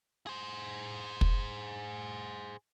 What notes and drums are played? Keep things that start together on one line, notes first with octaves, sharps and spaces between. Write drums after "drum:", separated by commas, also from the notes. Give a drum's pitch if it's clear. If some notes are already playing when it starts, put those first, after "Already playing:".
G#4 C5
drum: kick